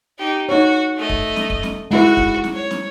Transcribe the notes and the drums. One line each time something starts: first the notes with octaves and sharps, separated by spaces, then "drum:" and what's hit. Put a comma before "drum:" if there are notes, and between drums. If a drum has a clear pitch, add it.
D#4 G4
D#4 F#4 C#5
A3 D#5
drum: kick
drum: snare
drum: kick
drum: snare
G#3 E4 F#4 B4
drum: kick
drum: snare
C#5
drum: snare